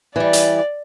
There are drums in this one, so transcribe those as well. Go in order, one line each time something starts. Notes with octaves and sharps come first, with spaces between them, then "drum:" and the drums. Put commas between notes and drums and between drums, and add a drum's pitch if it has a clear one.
E3 G3 D5
drum: hi-hat